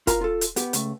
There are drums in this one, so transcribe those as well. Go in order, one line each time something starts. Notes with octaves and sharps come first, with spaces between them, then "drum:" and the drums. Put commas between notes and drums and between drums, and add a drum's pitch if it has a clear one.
F4 A#4 A#5, drum: kick, hi-hat
F4 A4
drum: hi-hat
B3 G4, drum: hi-hat
C#2 A3, drum: hi-hat